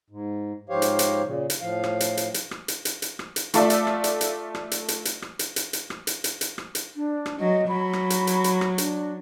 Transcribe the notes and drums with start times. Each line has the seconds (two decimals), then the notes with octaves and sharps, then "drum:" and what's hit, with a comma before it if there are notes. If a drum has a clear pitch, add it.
0.10 G#2
0.69 G#2 F3 G4 C5 C#5 F5
0.82 drum: hi-hat
0.99 drum: hi-hat
1.24 A#2 C#3
1.50 drum: hi-hat
1.61 A2 F3 F5
1.84 drum: rim click
2.00 drum: hi-hat
2.17 drum: hi-hat
2.34 drum: hi-hat
2.51 drum: rim click
2.68 drum: hi-hat
2.85 drum: hi-hat
3.02 drum: hi-hat
3.19 drum: rim click
3.36 drum: hi-hat
3.54 A3 F4 A4 D5 E5, drum: hi-hat
3.70 drum: hi-hat
3.87 drum: rim click
4.04 drum: hi-hat
4.21 drum: hi-hat
4.55 drum: rim click
4.71 drum: hi-hat
4.88 drum: hi-hat
5.05 drum: hi-hat
5.22 drum: rim click
5.39 drum: hi-hat
5.56 drum: hi-hat
5.73 drum: hi-hat
5.90 drum: rim click
6.07 drum: hi-hat
6.24 drum: hi-hat
6.41 drum: hi-hat
6.58 drum: rim click
6.75 drum: hi-hat
6.96 D4
7.26 drum: rim click
7.39 F#3 D#5
7.68 F#3 B5
7.93 drum: rim click
8.10 drum: hi-hat
8.27 drum: hi-hat
8.44 drum: hi-hat
8.61 drum: rim click
8.78 D4, drum: hi-hat